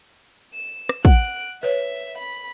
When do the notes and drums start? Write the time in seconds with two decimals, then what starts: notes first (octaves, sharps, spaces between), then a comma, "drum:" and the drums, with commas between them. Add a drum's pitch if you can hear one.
0.54 E7
0.89 drum: rim click
1.05 F#5 F#6 D7, drum: kick
1.63 B4 C#5 E5
2.18 B5